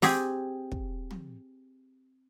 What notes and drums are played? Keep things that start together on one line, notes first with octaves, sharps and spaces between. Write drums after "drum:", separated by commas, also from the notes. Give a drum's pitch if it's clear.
C4 G4 G#4, drum: open hi-hat
drum: kick
drum: tom